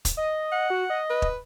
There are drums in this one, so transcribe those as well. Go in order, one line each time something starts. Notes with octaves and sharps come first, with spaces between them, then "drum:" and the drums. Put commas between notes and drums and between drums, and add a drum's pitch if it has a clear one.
drum: kick, hi-hat
D#5
F#5
F#4
D#5
B4
drum: kick